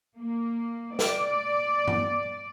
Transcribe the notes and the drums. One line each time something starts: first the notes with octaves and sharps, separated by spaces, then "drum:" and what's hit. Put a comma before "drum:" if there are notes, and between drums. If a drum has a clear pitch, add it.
A#3
D5, drum: snare
drum: tom G2